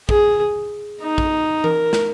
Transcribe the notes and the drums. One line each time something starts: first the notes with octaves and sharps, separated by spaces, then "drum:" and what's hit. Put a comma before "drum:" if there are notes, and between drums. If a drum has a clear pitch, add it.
G#4, drum: kick
D#4
drum: kick
A#4, drum: tom E3
drum: snare